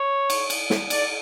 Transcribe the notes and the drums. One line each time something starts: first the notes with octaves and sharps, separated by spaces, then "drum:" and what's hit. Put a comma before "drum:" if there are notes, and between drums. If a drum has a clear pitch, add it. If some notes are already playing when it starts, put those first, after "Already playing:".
Already playing: C#5
drum: cymbal
drum: cymbal
drum: snare
D5, drum: cymbal